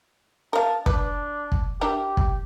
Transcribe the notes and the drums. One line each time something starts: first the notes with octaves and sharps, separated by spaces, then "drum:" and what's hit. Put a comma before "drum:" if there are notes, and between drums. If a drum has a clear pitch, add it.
A#4 F5 A5
D4 B4, drum: kick
drum: kick
D4 E4 G4 A#4
drum: kick